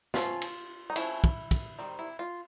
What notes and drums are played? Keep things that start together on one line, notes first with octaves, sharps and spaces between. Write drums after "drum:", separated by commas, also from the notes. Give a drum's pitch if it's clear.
F3 A3 C#4 F4, drum: snare
drum: cymbal
D#4
F3 A3 C#4 E4, drum: cymbal
drum: kick
drum: kick, cymbal
D#3 G3 C4
E4
F4